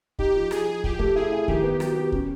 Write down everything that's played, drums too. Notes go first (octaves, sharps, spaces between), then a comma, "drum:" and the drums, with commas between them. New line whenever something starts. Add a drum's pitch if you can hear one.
D#4 G4, drum: kick
F3
F3 G#4, drum: rim click
F3
F3 G4, drum: kick
A3, drum: kick
E4 G#4
E4
D#3 G4, drum: kick
B3
F#3 G4, drum: rim click
B3
C#4, drum: kick